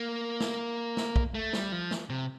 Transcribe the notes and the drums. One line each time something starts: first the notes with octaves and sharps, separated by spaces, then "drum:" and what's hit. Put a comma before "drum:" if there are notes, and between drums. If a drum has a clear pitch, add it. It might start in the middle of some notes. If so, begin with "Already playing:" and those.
Already playing: A#3
drum: snare
drum: snare
drum: kick
A3
G3, drum: snare
F3
drum: snare
C3